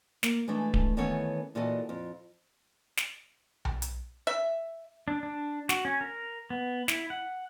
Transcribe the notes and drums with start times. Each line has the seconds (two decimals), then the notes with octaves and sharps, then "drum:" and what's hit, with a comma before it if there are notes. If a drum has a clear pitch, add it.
0.23 A#3, drum: snare
0.48 E3 G#3 A3 D4
0.74 drum: kick D1
0.97 D#3 E3 B3 C#4 A4 C#5
1.55 A#2 E3 F#4 A4 D#5
1.89 F2
2.97 drum: snare
3.65 drum: tom B1
3.82 drum: hi-hat
4.27 E5
5.08 D4
5.23 D4
5.69 F#4, drum: snare
5.85 C#4
6.01 A#4
6.50 B3
6.88 E4, drum: snare
7.10 F#5